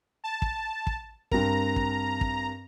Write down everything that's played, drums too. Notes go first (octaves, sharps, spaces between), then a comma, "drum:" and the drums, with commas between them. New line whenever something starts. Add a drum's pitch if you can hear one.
A5
drum: kick
drum: kick
G2 C4 A#4 A#5, drum: kick
drum: kick
drum: kick